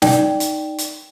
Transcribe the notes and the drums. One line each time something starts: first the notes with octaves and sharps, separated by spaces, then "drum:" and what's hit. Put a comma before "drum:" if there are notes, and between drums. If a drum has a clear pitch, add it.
D#4 D5 G5, drum: snare
drum: hi-hat
drum: hi-hat